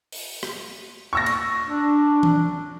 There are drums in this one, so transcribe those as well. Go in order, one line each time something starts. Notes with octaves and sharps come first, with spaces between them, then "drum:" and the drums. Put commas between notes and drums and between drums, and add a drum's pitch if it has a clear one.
drum: open hi-hat
drum: rim click
C#6 E6 A#6
drum: cymbal
D4
drum: tom E3